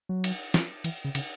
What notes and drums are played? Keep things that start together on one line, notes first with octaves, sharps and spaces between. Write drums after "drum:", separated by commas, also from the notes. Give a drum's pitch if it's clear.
F#3
drum: cymbal
drum: snare
E3, drum: cymbal
C#3
C#3, drum: cymbal